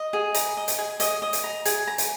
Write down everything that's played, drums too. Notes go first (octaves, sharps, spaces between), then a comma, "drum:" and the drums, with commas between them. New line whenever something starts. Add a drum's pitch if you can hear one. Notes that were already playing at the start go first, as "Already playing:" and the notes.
Already playing: D#5
G#4
A#5, drum: hi-hat
D#5
drum: hi-hat
G#4
D#5, drum: hi-hat
D#5
drum: hi-hat
A#5
G#4, drum: hi-hat
A#5
drum: hi-hat